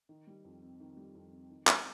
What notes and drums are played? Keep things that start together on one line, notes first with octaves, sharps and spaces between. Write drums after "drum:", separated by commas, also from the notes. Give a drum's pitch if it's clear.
D#3
G3
F2
C4
D#3
G3
F2
C4
D#3
G#3, drum: clap